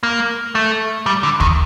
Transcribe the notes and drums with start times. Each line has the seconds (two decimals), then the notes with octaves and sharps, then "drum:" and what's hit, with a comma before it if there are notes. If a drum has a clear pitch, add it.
0.03 A#3
0.55 A3
1.06 G3
1.23 D3
1.40 D#3, drum: kick